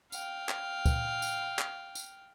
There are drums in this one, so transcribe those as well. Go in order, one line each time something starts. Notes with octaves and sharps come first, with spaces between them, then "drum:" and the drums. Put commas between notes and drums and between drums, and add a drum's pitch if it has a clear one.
F5 G5, drum: tambourine
drum: clap
drum: kick, tambourine
drum: tambourine
drum: clap
drum: tambourine